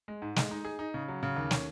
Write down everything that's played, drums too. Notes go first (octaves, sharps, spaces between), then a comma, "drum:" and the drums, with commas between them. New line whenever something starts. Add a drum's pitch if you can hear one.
G#3
G#2
G#3, drum: snare
D#4
G#4
D#4
C#3
F#3
C#3
D#2
C#4, drum: snare